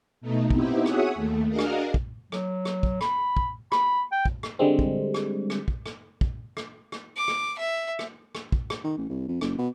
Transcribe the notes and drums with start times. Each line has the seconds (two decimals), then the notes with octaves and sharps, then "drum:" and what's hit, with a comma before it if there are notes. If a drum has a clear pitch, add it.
0.21 B2 A3 D#4
0.50 B3 C4 D#4 E4 G4, drum: kick
0.86 F#4 G#4 C#5 E5 F#5 D#6, drum: rim click
1.15 D#2 A3
1.48 D4 F#4 G#4 A#4 D#5 F5
1.59 drum: rim click
1.94 drum: kick
2.32 F#3, drum: rim click
2.65 drum: rim click
2.83 drum: kick
3.01 B5, drum: rim click
3.37 drum: kick
3.72 B5, drum: rim click
4.12 G5
4.25 drum: kick
4.43 drum: rim click
4.59 D3 G3 G#3 C4
4.79 drum: kick
5.14 drum: rim click
5.50 drum: rim click
5.68 drum: kick
5.86 drum: rim click
6.21 drum: kick
6.57 drum: rim click
6.92 drum: rim click
7.17 D6
7.28 drum: rim click
7.58 E5
7.99 drum: rim click
8.35 drum: rim click
8.52 drum: kick
8.70 drum: rim click
8.84 D#3
8.97 A1
9.09 C2
9.28 F2
9.41 F#1, drum: rim click
9.58 B2